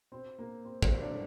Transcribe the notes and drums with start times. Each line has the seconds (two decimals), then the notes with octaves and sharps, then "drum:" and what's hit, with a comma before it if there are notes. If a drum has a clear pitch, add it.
0.12 C4
0.39 A#3
0.65 C4
0.82 C4, drum: kick
1.00 D4